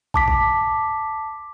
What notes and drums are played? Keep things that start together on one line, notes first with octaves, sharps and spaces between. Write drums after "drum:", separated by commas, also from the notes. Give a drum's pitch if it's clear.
A5 D6 B6, drum: kick
drum: kick